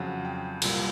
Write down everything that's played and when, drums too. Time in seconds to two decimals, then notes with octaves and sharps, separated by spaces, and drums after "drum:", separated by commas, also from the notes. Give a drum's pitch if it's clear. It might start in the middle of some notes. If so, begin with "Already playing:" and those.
Already playing: F2 C#3 F#3 F#5
0.25 G5
0.62 C2 A#2 G3, drum: cymbal